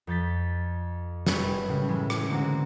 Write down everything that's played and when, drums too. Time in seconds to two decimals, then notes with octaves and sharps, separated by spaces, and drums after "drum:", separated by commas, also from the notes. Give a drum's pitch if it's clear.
0.07 F2 G6 A6 B6
1.27 F#1 G3 G#3 B4 C#5 E5, drum: snare
1.68 A2 C#3 G3
1.88 A2 E3 G#3
2.10 drum: rim click
2.30 D3 G#3 A#3 C4 F#4